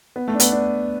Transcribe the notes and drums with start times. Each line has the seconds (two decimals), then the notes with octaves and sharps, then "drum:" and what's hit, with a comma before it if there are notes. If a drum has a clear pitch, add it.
0.16 B3
0.28 A3
0.34 D4
0.40 B3, drum: hi-hat
0.51 D4